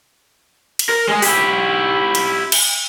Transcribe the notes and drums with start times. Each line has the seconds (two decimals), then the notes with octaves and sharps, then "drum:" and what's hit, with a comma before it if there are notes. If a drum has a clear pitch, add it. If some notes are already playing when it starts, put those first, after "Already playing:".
0.79 drum: cymbal
0.89 A#4
1.09 G#3 D#5
1.22 E4 G4, drum: open hi-hat
2.15 drum: cymbal
2.52 drum: cymbal